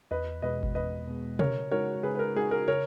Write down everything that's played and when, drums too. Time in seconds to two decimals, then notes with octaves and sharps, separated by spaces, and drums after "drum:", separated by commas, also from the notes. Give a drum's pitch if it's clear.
0.11 E2 B4 D#5
0.42 B2 G#3 B4 D#5
0.63 drum: kick G1
0.75 E2 B4 D#5
1.07 B2 G#3
1.39 C#3 A#4 C#5, drum: tom
1.71 G#3 D#4 F#4 A#4 C#5
2.03 C#3 G#4 B4
2.15 B4
2.19 A#4
2.35 G#3 D#4 F#4 G#4
2.51 A#4
2.68 C#3 A#4 C#5